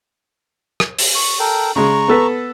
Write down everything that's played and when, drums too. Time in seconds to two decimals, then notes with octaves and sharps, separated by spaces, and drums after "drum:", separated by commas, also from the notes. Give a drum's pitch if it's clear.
0.80 drum: rim click
0.99 drum: open hi-hat
1.15 C#6
1.40 A4 A#4 G5
1.76 C#3 G#3 A#5 C#6
2.08 B3 A4 B4